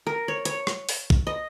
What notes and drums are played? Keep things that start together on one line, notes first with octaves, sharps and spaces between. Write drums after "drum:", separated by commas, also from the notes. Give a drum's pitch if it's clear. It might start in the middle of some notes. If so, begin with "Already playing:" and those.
A#4
C#5
C#5, drum: hi-hat
drum: rim click
drum: open hi-hat
drum: kick
D#5